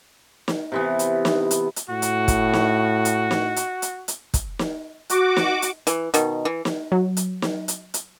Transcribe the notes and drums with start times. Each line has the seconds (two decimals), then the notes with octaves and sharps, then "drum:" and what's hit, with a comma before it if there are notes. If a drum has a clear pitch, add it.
0.48 drum: snare
0.72 C3 E3 B3
0.99 drum: hi-hat
1.25 drum: snare
1.51 drum: hi-hat
1.76 drum: hi-hat
1.89 A2 F#4
2.02 drum: hi-hat
2.28 drum: kick, hi-hat
2.54 drum: snare
3.05 drum: hi-hat
3.31 drum: snare
3.56 drum: hi-hat
3.82 drum: hi-hat
4.08 drum: hi-hat
4.34 drum: kick, hi-hat
4.59 drum: snare
5.10 F#4 D6, drum: hi-hat
5.37 drum: snare
5.62 drum: hi-hat
5.87 E3, drum: hi-hat
6.14 B2 D#3, drum: hi-hat
6.45 E3
6.65 drum: snare
6.92 F#3
7.17 drum: hi-hat
7.42 drum: snare
7.68 drum: hi-hat
7.94 drum: hi-hat